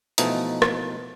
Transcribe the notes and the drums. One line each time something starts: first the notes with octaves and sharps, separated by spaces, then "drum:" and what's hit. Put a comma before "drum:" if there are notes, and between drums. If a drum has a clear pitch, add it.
B2 E3 F3 A3 D#4, drum: hi-hat
drum: rim click